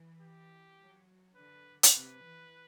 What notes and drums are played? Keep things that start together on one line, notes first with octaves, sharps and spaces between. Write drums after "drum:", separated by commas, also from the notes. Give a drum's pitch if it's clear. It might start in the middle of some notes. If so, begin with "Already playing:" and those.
Already playing: E3
G4
F#3
D3 B4
drum: hi-hat
C3 B4
E3